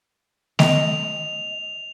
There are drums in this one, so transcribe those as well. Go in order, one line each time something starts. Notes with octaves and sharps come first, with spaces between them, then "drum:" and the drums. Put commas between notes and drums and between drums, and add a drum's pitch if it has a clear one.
D#5 F7, drum: snare A3